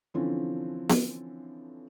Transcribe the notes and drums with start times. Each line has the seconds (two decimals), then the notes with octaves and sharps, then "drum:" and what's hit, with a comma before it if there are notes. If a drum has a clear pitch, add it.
0.14 D3 E3 F3 C4 C#4
0.89 drum: snare B3